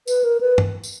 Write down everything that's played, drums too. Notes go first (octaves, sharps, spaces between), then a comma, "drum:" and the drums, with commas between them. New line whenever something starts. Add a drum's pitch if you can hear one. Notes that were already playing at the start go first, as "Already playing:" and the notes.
B4, drum: tambourine
A#4
B4
drum: tom
drum: tambourine